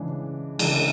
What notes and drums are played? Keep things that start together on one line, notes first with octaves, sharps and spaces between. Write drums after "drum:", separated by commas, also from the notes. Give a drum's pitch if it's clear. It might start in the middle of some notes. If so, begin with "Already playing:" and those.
Already playing: C#3 E3 G#3 D4
C#3 E3 G#3 D4, drum: cymbal